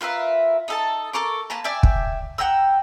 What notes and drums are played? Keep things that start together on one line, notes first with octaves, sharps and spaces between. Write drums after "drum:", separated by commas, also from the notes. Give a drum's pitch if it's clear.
F4 A#4 B4 E5
D#4 A4 A5
A4 A#4 C#6 D6
A#3 B4 A5 A#5
D5 E5 G5 G#5
drum: kick
F#5 G5 A#5 E6